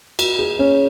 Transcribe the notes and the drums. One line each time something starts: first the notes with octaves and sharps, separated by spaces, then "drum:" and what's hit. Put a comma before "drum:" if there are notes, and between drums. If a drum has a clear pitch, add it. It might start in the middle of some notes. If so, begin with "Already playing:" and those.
F#4, drum: cymbal
G#4
C#4